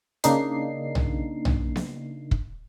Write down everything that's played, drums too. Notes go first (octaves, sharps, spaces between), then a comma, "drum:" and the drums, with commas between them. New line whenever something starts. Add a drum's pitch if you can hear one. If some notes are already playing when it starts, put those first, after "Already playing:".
C#3 A#3 D4 D#4 C7, drum: hi-hat
drum: tom
drum: tom
drum: snare B3
drum: kick